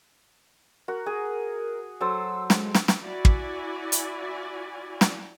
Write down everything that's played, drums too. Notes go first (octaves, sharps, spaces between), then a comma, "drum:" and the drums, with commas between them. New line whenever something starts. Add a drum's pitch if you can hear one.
F#4 A#4
G#4
F#3 A4 C5 E6
G#3, drum: snare
drum: snare
drum: snare
E4 F#4 D5 G#5
drum: kick
drum: hi-hat
drum: snare